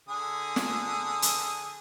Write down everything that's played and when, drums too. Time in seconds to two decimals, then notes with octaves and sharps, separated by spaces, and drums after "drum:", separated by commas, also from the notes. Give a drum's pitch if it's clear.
0.08 D3 G#4 D#6
0.56 drum: snare
1.22 drum: hi-hat